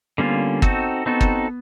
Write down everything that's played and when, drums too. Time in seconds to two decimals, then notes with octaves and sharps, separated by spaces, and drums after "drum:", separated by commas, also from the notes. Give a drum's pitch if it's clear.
0.18 D3 G3 A#3 B3 C#4 F4
0.62 C4 D#4 F#4 A4, drum: kick
1.06 B3 C4 D#4 F#4 A4
1.21 drum: kick